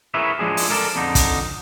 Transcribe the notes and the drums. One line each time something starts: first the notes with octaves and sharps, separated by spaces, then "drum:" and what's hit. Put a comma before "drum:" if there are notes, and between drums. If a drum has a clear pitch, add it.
E4 G#4 A#4 B4 C#5 E5
F3 G#3 D4 G#4
drum: open hi-hat
A4 A#4 D5 A5
F2 D3 D#4
drum: kick, hi-hat